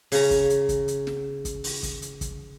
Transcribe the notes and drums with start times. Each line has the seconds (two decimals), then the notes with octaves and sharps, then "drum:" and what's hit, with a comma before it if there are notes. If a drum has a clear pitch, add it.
0.12 C#3 A#5, drum: open hi-hat
0.31 drum: kick, hi-hat
0.50 drum: hi-hat
0.69 drum: kick, hi-hat
0.88 drum: hi-hat
1.07 drum: snare
1.45 drum: kick, hi-hat
1.64 drum: open hi-hat
1.83 drum: kick, hi-hat
2.02 drum: hi-hat
2.21 drum: kick, hi-hat